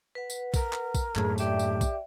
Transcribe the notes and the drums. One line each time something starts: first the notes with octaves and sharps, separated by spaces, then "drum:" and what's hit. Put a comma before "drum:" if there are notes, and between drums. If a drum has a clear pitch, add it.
B4 F#5
drum: tambourine
A#4, drum: kick B1, tambourine
drum: clap
drum: kick B1, tambourine
F#2 A2 G#4, drum: clap
G4 D5 E5 G5, drum: tambourine
drum: tambourine
drum: kick B1, tambourine